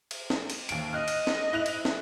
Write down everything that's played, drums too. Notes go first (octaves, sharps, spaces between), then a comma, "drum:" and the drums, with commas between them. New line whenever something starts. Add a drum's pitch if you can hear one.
drum: cymbal
drum: snare
drum: cymbal
D#2 D7, drum: cymbal
D#5 F6 F#6
drum: cymbal
drum: snare
E4 F#6 F7
drum: cymbal
drum: snare